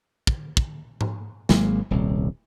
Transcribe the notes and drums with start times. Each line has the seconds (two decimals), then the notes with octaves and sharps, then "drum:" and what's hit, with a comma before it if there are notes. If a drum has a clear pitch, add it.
0.27 drum: kick
0.57 drum: kick
1.01 drum: tom G#2
1.49 G#1 F#3 G#3 A#3, drum: snare
1.91 D#1 C2